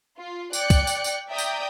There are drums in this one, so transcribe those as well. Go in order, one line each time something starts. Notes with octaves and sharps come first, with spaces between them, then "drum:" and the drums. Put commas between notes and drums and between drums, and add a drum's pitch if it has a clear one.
F4
D5 G5 F#6 C#7, drum: tambourine
drum: kick, tambourine
drum: tambourine
drum: tambourine
D5 E5 G5 A#5 D#6
drum: tambourine